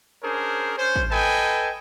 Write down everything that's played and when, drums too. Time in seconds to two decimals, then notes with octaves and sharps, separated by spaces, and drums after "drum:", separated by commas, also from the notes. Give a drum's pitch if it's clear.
0.23 C#4 D4 G#4 A#4 C5
0.77 C#4 C5
0.96 drum: kick
1.11 A4 B4 D#5 G5 G#5